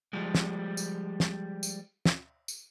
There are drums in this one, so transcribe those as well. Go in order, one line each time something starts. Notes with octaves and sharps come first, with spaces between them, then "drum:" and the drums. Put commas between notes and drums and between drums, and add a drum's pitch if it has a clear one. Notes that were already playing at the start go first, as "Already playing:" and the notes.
F3 G3 G#3
drum: snare
drum: tambourine
drum: snare
drum: tambourine
drum: snare
drum: tambourine